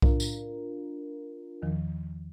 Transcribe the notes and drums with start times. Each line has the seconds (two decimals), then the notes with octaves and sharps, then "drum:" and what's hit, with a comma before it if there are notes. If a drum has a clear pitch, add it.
0.02 D4 F4 A#4, drum: kick B1
0.20 drum: tambourine
1.62 E2 D#3 F3